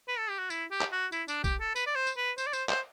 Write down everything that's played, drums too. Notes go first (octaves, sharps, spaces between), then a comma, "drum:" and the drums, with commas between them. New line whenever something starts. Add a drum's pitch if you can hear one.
B4
A4
G4
F#4
E4, drum: tambourine
G4
drum: clap
F#4
E4, drum: tambourine
D4, drum: tambourine
G4, drum: kick A#1, tambourine
A4
B4, drum: tambourine
D5
C5
drum: tambourine
B4
C5, drum: tambourine
D5
C5, drum: tambourine
C5, drum: clap